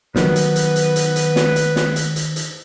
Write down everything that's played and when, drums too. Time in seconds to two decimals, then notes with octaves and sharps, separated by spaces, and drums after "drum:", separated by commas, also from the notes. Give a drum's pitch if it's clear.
0.16 D#3 F3 F#3 B3 B4, drum: snare
0.36 drum: hi-hat
0.56 drum: hi-hat
0.76 drum: hi-hat
0.96 drum: hi-hat
1.16 drum: hi-hat
1.36 drum: snare
1.56 drum: hi-hat
1.76 drum: snare
1.96 drum: hi-hat
2.16 drum: hi-hat
2.36 drum: hi-hat